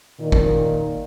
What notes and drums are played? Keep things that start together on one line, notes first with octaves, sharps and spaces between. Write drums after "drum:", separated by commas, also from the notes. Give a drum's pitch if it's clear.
A#2 D#3
drum: kick